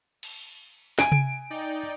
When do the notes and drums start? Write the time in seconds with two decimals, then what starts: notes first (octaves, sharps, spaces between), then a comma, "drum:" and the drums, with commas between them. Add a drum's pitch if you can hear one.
0.23 drum: cymbal
0.99 G#5 D7, drum: snare
1.12 drum: tom C3
1.50 D#4 D5 G5